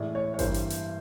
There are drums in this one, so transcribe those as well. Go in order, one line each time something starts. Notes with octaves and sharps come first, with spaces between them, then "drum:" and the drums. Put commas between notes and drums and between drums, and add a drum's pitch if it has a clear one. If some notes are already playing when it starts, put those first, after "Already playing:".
Already playing: A2 E3 G#3 D5
C#5
C#5
G2 E3 G3 A#3 C5, drum: kick G#1, hi-hat
drum: hi-hat
drum: hi-hat